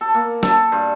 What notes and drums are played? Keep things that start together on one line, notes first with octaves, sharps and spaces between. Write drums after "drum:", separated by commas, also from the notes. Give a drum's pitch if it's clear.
A4
A#3
A4, drum: snare
G2